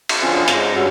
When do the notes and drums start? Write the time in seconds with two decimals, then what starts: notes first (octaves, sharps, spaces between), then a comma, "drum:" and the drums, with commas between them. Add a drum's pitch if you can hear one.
0.09 drum: cymbal
0.22 D3 F3 C4 C#4 F4 G#4
0.48 G#2 A#5, drum: hi-hat
0.75 G2 G3 C#4 F#4 C#5 E5